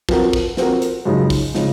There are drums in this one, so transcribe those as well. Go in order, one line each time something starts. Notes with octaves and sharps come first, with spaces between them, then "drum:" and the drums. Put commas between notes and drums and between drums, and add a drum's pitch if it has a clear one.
F3 C4 F#4 A#4, drum: kick
drum: kick
F3 C4 F#4 A#4, drum: snare
drum: hi-hat
F#2 C#3 F3 G#3 D#4
drum: kick, open hi-hat
C#3 F3 G#3 D#4, drum: snare